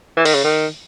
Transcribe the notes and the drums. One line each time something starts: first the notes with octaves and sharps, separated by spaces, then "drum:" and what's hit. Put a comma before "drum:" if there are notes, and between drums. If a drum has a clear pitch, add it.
E3
D#3, drum: open hi-hat
C#3
D#3